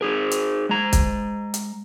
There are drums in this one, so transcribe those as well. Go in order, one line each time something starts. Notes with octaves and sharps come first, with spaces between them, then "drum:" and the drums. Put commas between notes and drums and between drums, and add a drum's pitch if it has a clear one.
D#4 G#4 A#4
drum: hi-hat
G#3 A#5
drum: kick, hi-hat
drum: hi-hat